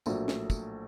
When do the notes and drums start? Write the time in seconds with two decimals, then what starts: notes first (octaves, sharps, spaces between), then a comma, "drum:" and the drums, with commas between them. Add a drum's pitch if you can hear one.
0.06 A#1 A2 F#3 A#3, drum: tambourine
0.28 drum: snare
0.50 drum: kick, tambourine